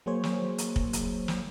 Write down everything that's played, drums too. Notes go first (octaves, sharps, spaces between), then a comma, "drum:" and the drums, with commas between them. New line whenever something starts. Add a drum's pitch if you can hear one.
F#3 A#3 G#4 C5 C#5
drum: snare
drum: hi-hat
drum: kick
drum: hi-hat
drum: snare